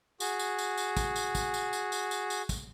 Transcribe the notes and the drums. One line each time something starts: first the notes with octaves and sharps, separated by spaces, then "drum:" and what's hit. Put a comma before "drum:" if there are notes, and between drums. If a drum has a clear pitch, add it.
F#4 G#4, drum: tambourine
drum: tambourine
drum: tambourine
drum: tambourine
drum: kick, tambourine
drum: tambourine
drum: kick, tambourine
drum: tambourine
drum: tambourine
drum: tambourine
drum: tambourine
drum: tambourine
drum: kick, tambourine